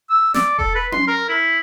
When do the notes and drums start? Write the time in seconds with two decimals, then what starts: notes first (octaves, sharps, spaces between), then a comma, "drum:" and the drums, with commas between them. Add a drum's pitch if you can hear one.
0.10 E6
0.34 D5, drum: snare
0.58 A4, drum: kick E1
0.75 B4
0.92 C6, drum: tom C#4
1.08 A#4
1.29 E4